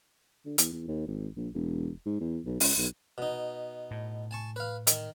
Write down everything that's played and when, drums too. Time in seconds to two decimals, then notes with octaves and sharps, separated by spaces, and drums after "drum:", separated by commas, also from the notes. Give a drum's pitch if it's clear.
0.45 D3
0.58 E2, drum: hi-hat
0.73 E2
0.88 D#2
1.07 G#1
1.36 A#1
1.54 E1
2.06 G#2
2.20 E2
2.46 B1
2.60 C#2, drum: open hi-hat
2.77 B1
3.18 B2 D#4
3.91 A2
4.31 G#5 A5 C#6
4.56 B4 F5
4.87 D#3, drum: hi-hat